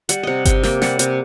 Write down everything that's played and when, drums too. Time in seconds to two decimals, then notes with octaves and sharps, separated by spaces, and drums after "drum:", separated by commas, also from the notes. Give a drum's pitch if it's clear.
0.09 G3 F#5, drum: hi-hat
0.23 C3 D#5 F#5
0.45 C3 G5, drum: kick G1, hi-hat
0.63 A#3 G5, drum: snare
0.82 G3 F#5, drum: snare
0.99 C3, drum: hi-hat